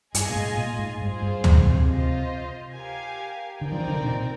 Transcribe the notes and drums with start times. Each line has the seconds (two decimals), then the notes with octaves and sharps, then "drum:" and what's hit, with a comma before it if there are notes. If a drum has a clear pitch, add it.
0.14 G2 F4 G#4 D#5 G#5, drum: hi-hat
0.30 A#2
0.36 G#2
0.57 A#2
0.79 G#2
1.01 G2 F4 G#4 C5
1.22 G2
1.44 G2, drum: tom
1.66 C3
1.88 F4 C5 D#5
2.74 G4 A#4 F5 G#5
3.61 D3 C4 D#4 A#4 D5 G5
3.72 F3
3.80 D#3
3.88 D3
3.96 C3
4.05 A#2